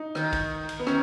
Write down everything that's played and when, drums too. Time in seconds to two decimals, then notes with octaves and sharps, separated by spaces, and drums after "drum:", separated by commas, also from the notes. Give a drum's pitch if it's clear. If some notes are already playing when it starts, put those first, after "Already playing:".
Already playing: D#4
0.15 D#3, drum: rim click
0.33 drum: kick, cymbal
0.69 drum: cymbal
0.80 B3
0.87 D#3 C#4, drum: rim click